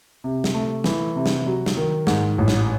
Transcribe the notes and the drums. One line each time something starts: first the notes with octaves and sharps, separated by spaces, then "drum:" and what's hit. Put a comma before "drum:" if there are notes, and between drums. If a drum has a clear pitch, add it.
C3
drum: snare
A3
E3, drum: snare
C3
drum: snare
F#3
drum: snare
D#3
G#2, drum: snare
A1
drum: snare